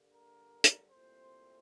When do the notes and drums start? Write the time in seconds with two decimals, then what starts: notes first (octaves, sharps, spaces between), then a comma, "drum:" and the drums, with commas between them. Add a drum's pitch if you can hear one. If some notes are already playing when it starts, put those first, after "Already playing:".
Already playing: G2 D3 G3 A#3
0.13 A#4
0.64 drum: hi-hat
0.91 C2 A#2 A3 C4 C5